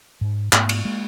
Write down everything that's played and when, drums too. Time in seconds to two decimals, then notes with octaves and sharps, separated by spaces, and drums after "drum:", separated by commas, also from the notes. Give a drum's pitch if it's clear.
0.21 G#2
0.53 G#2 A3 B3, drum: clap
0.69 drum: cymbal
0.85 G#3 A#3